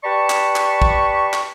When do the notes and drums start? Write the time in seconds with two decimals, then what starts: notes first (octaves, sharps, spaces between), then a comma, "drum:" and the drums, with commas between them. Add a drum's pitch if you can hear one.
0.04 G4 B4 D5 A5 B5 C#6
0.30 drum: clap
0.56 drum: clap
0.82 drum: kick
1.33 drum: clap